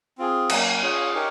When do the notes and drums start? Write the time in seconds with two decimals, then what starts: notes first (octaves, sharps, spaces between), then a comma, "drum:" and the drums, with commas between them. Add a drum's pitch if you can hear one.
0.18 C4 F4 G#4
0.50 F#3 A#3 C#4, drum: cymbal
0.82 C#4 F4 G#4 C#5
1.15 D#4 G4 A#4 C#5